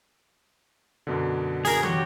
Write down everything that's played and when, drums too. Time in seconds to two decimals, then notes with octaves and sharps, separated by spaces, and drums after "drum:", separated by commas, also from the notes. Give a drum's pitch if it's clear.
1.07 F#2 B2 D3
1.65 G#4 A#4, drum: open hi-hat
1.83 F#4 G4 C#5, drum: tom